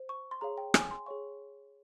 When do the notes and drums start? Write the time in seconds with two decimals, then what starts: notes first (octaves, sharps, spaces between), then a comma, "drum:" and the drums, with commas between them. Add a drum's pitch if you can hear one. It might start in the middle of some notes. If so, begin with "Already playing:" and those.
Already playing: C5
0.09 C#6
0.31 C6
0.41 G#4 C#5 F5 A#5
0.58 G5
0.74 G#5, drum: rim click
0.91 C6
1.06 G#4 C#5 F5 C#6